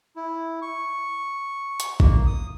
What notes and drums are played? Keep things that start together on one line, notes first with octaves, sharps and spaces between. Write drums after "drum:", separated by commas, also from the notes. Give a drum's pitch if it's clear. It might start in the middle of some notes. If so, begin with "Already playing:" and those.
E4
C#6
drum: hi-hat
A#3, drum: kick G#1
D#6